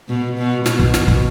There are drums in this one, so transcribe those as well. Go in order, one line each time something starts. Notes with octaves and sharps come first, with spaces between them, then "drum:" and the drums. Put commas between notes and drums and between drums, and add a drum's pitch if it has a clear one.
B2
B2
B2, drum: snare
drum: kick
drum: snare
drum: kick